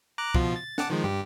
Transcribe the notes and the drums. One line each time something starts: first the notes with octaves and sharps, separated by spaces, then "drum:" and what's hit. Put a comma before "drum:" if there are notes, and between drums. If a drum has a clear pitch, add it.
A#5 D6 F#6
B2 F3 F4, drum: kick C2
A6
F#5 A5 D6, drum: snare
D#3 F3 G#3
G2 G4